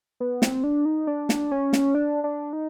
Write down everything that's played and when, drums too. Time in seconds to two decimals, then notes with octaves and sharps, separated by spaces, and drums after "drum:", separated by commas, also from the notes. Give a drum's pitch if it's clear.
0.20 B3
0.42 C4, drum: snare
0.64 D4
0.85 D#4
1.07 D4
1.29 drum: snare
1.51 C#4
1.73 drum: snare
1.95 D4
2.24 D4
2.53 D#4